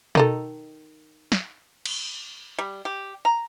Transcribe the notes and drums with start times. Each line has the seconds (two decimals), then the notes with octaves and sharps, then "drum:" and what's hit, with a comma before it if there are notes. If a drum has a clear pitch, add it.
0.15 D#3 D#4 A4, drum: tom B2
1.32 drum: snare
1.86 drum: cymbal
2.58 G3
2.85 G4
3.25 A#5